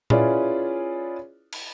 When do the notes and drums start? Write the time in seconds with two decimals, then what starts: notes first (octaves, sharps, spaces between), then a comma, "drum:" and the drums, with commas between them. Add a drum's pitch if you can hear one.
0.10 C#4 E4 F4 G#4 B4 D5, drum: tom A#2
1.52 drum: cymbal